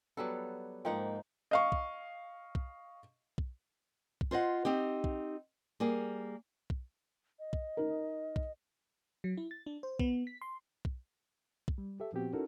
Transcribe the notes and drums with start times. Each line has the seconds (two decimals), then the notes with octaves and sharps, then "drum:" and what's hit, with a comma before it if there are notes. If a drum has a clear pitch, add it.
0.17 F#3 G3 B3 A4
0.85 G#2 F3 A#3 D#4 F#5 G5
1.51 D#5 F5 C#6
1.72 drum: kick
2.55 drum: kick
3.38 drum: kick
4.21 drum: kick
4.31 F4 C5 D#5 F#5
4.65 C4 D#4 G4
5.04 drum: kick
5.80 G3 A#3 G#4
6.70 drum: kick
7.39 D#5
7.53 drum: kick
7.77 D#4 A#4
8.36 drum: kick
9.24 F#3
9.37 E4
9.51 A6
9.66 D4
9.83 C5
9.99 B3, drum: kick
10.27 B6
10.42 C6
10.85 drum: kick
11.68 drum: kick
11.78 G3
12.00 G4 A4 E5
12.12 A#2 F3 B3 C4 F#4 G4
12.33 C#4 D#4 E4 F#4 A4 A#4